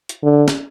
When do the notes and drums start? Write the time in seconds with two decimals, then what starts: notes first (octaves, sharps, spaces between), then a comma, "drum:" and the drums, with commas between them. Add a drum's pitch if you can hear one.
0.09 drum: hi-hat
0.23 D3
0.48 drum: snare